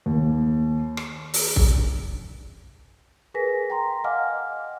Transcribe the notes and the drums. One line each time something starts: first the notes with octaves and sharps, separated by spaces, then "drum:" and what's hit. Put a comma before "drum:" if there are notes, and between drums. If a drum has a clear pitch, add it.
D#2
drum: rim click
drum: open hi-hat
drum: kick
G#4 A#4 B4 G#5 A#6 B6
G5 A#5 C6
D#5 F5 F#5 G#5 D6 F6